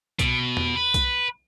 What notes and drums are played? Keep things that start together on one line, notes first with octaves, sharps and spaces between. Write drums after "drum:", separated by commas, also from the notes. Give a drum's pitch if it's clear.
B2, drum: kick B1, hi-hat
drum: tom E2
B4
drum: kick B1, hi-hat